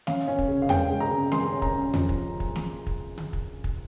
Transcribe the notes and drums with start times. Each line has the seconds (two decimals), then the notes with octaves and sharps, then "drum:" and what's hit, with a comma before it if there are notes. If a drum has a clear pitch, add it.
0.07 C#4 F5, drum: snare
0.28 C#4
0.38 drum: kick
0.48 C#3
0.62 F5
0.69 G#3 G5, drum: tom E2
0.90 G#3
1.00 A#5
1.11 C#3
1.32 G#3 C6, drum: snare
1.52 C#4
1.62 A#5, drum: kick
1.73 C#4
1.94 F3, drum: tom E2
2.09 drum: kick
2.40 drum: kick
2.56 drum: snare
2.87 drum: kick
3.18 drum: tom C#3
3.33 drum: kick
3.64 drum: kick